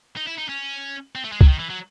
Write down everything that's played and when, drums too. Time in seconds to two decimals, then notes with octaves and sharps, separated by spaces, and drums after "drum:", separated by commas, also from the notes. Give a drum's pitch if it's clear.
0.17 D#4
0.27 E4
0.38 D#4
0.49 C#4
1.15 C4
1.24 A3
1.32 G#3
1.41 F#3, drum: kick
1.48 D#3
1.59 E3
1.70 F#3